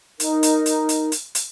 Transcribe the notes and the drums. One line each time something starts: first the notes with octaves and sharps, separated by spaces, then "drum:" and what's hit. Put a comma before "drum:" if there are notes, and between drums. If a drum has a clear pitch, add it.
D#4 A#4, drum: hi-hat
drum: hi-hat
drum: hi-hat
drum: hi-hat
drum: hi-hat
drum: hi-hat